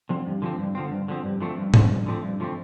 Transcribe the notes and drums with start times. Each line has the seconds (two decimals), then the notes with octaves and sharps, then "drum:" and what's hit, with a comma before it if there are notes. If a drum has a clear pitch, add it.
0.09 D3 F3 C4
0.27 G2
0.42 D3 F3 C4
0.58 G2
0.75 D3 F3 C4
0.91 G2
1.08 D3 F3 C4
1.24 G2
1.41 D3 F3 A3 C4
1.57 G2
1.74 D3 F3 A3 C4, drum: tom G#2
1.90 G2
2.06 D3 F3 A3 C4
2.23 G2
2.40 D3 F3 A3 C4